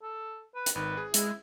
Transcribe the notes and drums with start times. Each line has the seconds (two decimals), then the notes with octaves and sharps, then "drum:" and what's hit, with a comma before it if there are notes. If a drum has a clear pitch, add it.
0.03 A4
0.55 B4
0.66 drum: hi-hat
0.75 G#1 D#3 B4
0.97 G#4
1.14 G#3 E4, drum: hi-hat